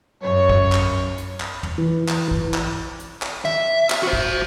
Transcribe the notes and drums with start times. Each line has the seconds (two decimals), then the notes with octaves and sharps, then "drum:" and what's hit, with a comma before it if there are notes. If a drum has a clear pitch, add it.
0.23 F#2 C#5
0.49 drum: kick
0.72 drum: clap
1.18 drum: hi-hat
1.40 drum: clap
1.63 drum: tom
1.78 E3
2.09 drum: clap
2.31 drum: kick
2.54 drum: clap
2.99 drum: hi-hat
3.22 drum: clap
3.45 E5, drum: tom
3.90 drum: clap
4.03 F#4 C5
4.13 drum: kick